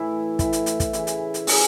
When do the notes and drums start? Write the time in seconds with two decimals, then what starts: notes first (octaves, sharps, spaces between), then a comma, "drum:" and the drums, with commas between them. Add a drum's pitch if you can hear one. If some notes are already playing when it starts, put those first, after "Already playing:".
Already playing: A2 E3 E4
0.39 A2 E3 E4, drum: kick, hi-hat
0.53 drum: hi-hat
0.66 drum: hi-hat
0.80 drum: kick, hi-hat
0.93 C#3 E3 E4, drum: hi-hat
1.07 drum: hi-hat
1.34 drum: hi-hat
1.47 C#3 E3 G#4, drum: open hi-hat